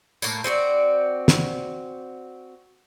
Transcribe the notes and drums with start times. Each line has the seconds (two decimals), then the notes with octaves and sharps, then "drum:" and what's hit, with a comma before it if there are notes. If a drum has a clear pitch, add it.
0.22 A2 A#3, drum: tambourine
0.44 C4 F#4 G#4 D5
1.28 drum: snare